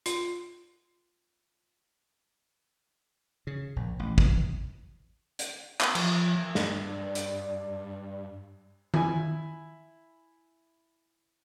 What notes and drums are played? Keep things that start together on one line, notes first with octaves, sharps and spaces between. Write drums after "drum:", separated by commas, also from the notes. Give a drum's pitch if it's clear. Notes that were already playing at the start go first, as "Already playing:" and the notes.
F4, drum: hi-hat
C#3
A#1
A1
E3, drum: kick
drum: hi-hat
drum: clap
F3, drum: cymbal
G2 D5, drum: snare
drum: hi-hat
E4 G#5, drum: tom D#3